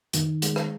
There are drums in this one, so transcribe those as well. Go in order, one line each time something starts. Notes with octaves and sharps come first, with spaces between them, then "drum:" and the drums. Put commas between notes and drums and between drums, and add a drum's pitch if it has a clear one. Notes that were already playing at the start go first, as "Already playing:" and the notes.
D#3, drum: hi-hat
G#3, drum: hi-hat
drum: rim click